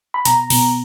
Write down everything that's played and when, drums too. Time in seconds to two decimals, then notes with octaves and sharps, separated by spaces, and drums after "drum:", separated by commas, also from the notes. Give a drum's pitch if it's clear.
0.14 B5
0.25 B2 A#5, drum: hi-hat
0.50 B2, drum: open hi-hat